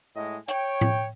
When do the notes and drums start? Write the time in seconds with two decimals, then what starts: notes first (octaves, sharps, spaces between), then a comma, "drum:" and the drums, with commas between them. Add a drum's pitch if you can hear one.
0.16 A2 G#3 D#5
0.48 C#5 G5, drum: hi-hat
0.81 drum: tom A2